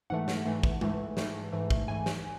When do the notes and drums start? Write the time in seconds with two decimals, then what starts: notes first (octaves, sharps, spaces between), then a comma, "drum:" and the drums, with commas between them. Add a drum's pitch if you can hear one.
0.10 G#2 E3 A3 F#5
0.28 drum: snare
0.46 G#2 E3 A3
0.63 drum: kick
0.81 G#2 E3 A3, drum: tom G#3
1.17 G#2 E3 A3, drum: snare
1.52 G#2 E3 A3
1.70 drum: kick
1.88 G#2 E3 A3 G#5
2.06 drum: snare